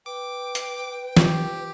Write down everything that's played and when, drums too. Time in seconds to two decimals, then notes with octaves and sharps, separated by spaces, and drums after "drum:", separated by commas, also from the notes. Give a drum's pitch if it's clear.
0.06 B4 G5 D6
0.55 drum: hi-hat
1.17 F4 G4, drum: snare